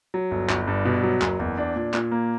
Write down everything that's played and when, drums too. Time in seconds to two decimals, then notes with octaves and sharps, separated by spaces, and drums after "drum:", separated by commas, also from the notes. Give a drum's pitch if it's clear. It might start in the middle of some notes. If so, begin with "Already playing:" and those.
0.14 F#3
0.31 G1
0.49 G1, drum: clap
0.68 G2
0.85 B2
1.03 F#3
1.22 F#1, drum: clap
1.40 E2
1.58 D4
1.76 A#2
1.94 A#2, drum: clap
2.12 A#3